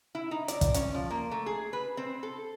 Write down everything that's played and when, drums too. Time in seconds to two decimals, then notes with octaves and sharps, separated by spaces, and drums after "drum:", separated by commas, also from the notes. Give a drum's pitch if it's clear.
0.15 E4
0.31 D#4
0.48 D5, drum: hi-hat
0.61 drum: kick, hi-hat
0.74 C#4, drum: hi-hat
0.95 F3
1.10 A#3
1.31 A3
1.46 G#4
1.73 B4
1.97 C4
2.23 A4